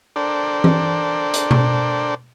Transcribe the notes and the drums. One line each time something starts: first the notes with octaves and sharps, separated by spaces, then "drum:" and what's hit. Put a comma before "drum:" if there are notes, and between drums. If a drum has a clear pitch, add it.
D4 A4 A#4 C5 D5 G5
drum: tom E3
drum: hi-hat
drum: tom B2